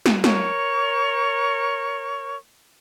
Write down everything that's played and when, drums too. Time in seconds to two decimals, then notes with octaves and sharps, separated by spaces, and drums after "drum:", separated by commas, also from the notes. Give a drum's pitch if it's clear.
0.06 drum: snare
0.24 A#4 C#5 C#6, drum: snare